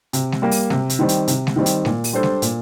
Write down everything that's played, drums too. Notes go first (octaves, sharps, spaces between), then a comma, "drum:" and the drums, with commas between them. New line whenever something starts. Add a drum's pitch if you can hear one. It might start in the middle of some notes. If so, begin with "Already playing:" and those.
C3, drum: hi-hat
drum: snare G#3
G3 A#3
drum: open hi-hat
C3, drum: snare G#3
drum: hi-hat
D#3 G3 C4
drum: hi-hat
C3, drum: hi-hat
drum: snare G#3
D#3 G3 C4
drum: hi-hat
A#2, drum: snare G#3
drum: open hi-hat
G3 D4 A4 C5
drum: snare G#3
A#2, drum: hi-hat